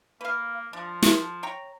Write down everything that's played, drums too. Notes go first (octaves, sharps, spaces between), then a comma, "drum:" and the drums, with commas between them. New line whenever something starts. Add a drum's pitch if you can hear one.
A#3 B4 F5
F3 D4
A4, drum: snare
C#5 G5 A#5